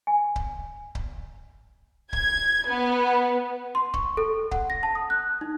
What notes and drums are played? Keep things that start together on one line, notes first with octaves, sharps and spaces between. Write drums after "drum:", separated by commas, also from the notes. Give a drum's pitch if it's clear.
G#5
drum: kick C#1
drum: kick C#1
G#6, drum: kick C#1
B3
C6
C#6, drum: kick C#1
A4
F#5, drum: kick C#1
A#6
A5
D#6
F#6
D#4